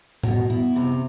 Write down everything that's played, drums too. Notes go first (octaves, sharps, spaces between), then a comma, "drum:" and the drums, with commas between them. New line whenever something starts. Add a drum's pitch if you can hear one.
B2, drum: tom A2
E4
C3